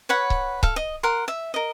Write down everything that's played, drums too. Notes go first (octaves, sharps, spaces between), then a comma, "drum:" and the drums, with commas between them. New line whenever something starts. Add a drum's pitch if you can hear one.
B4 C#5 F#5 B5
drum: kick C#1
A4 F5, drum: kick C#1
D#5
A#4 F#5 C6
E5
A#4 D#5